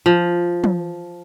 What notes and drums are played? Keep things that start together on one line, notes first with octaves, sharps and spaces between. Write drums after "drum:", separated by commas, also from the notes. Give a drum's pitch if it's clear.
F3
drum: tom